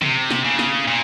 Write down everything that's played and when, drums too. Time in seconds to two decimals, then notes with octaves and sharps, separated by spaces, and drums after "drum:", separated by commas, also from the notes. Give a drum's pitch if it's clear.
0.02 C3, drum: tom
0.31 drum: snare
0.45 C#3
0.59 drum: snare
0.88 A#2